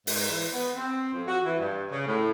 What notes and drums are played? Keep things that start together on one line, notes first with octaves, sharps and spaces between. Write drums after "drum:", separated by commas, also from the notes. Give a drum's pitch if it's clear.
G#2, drum: open hi-hat
E3
B3
C4
F2
F#4
E3
G2
C#3
A2